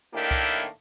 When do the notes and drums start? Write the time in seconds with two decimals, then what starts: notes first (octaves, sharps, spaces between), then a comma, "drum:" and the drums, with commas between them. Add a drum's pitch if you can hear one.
0.14 A2 D#3 A#3 D4 E4 G4
0.31 drum: kick C2